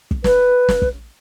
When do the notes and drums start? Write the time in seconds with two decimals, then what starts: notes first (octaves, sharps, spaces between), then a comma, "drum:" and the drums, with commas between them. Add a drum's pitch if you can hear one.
0.11 drum: kick
0.24 B4, drum: snare
0.69 drum: snare
0.82 drum: kick